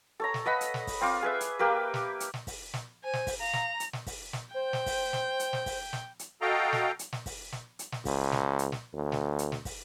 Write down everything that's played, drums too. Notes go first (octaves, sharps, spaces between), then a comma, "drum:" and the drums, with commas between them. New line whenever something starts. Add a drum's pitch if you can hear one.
A4 C#5 A#5
drum: snare
B4 D#5 F#5 B5
drum: hi-hat
drum: snare
drum: kick, open hi-hat
C4 F4 D6
G#4 B4 E5
drum: hi-hat
A#3 G4 A#4 B4
drum: snare
drum: hi-hat
drum: snare
drum: kick, open hi-hat
drum: snare
C5 G#5
drum: snare
drum: kick, open hi-hat
F5 A#5
drum: snare
drum: hi-hat
drum: snare
drum: kick, open hi-hat
drum: snare
C5 G5
drum: snare
drum: kick, open hi-hat
drum: snare
drum: hi-hat
drum: snare
drum: kick, open hi-hat
drum: snare
drum: hi-hat
F#4 A4 D#5 F5 G5 A#5
drum: snare
drum: hi-hat
drum: snare
drum: kick, open hi-hat
drum: snare
drum: hi-hat
drum: snare
C#2, drum: kick, open hi-hat
drum: snare
drum: hi-hat
drum: snare
D2
drum: snare
drum: hi-hat
drum: snare
drum: kick, open hi-hat